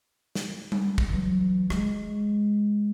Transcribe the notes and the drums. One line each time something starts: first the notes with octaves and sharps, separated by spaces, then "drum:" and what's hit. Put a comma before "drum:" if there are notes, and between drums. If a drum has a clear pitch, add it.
drum: snare
drum: tom G3
drum: kick
E3 F#3
G#3, drum: rim click